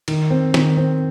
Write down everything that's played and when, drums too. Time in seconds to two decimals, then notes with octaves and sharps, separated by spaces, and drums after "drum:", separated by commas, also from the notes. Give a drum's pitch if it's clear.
0.08 D#3, drum: cymbal
0.30 C4
0.54 D#3, drum: snare
0.77 C4